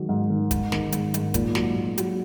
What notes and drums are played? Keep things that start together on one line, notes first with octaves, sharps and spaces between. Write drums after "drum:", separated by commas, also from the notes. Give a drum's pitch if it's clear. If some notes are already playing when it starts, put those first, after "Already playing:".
Already playing: D#3 F#3 G#3
G#2
D#3
D#3, drum: kick, hi-hat
D#3, drum: snare
G#2, drum: hi-hat
G#2, drum: hi-hat
A#2, drum: kick, hi-hat
F#3, drum: snare
A#2
F#3, drum: hi-hat